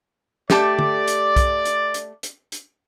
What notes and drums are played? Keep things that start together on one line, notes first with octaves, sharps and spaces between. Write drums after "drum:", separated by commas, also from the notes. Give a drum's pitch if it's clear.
A3 G4 D5 A5, drum: snare
drum: tom
drum: hi-hat
drum: kick B1, hi-hat
drum: hi-hat
drum: hi-hat
drum: hi-hat
drum: hi-hat